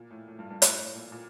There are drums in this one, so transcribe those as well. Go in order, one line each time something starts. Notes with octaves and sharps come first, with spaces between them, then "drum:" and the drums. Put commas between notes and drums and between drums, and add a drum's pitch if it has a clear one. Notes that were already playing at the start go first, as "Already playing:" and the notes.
Already playing: A#2
A2
A2
G2
G2
A2, drum: hi-hat
A2
A#2
A#2